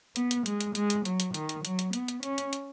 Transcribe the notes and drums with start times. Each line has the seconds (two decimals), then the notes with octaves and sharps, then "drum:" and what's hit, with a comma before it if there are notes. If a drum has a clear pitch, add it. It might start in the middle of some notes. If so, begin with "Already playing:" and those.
0.16 B3, drum: hi-hat
0.31 drum: hi-hat
0.46 G#3, drum: hi-hat
0.61 drum: hi-hat
0.75 G#3, drum: hi-hat
0.90 drum: hi-hat
1.05 F#3, drum: hi-hat
1.20 drum: hi-hat
1.34 D#3, drum: hi-hat
1.49 drum: hi-hat
1.65 F#3, drum: hi-hat
1.79 drum: hi-hat
1.93 B3, drum: hi-hat
2.08 drum: hi-hat
2.23 C#4, drum: hi-hat
2.38 drum: hi-hat
2.53 drum: hi-hat